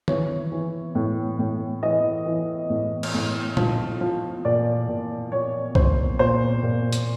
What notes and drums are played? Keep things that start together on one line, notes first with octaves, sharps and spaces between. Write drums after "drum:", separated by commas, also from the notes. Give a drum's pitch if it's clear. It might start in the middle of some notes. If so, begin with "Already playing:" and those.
E3 C#5, drum: tom D#3
E3
A2
A2
E3 D#5
E3
A2
drum: cymbal
A2
F3, drum: tom A#2
F3
A#2 D5
A#2
F3 C#5
F3 C5, drum: kick B1
A#2 C5
A#2
drum: hi-hat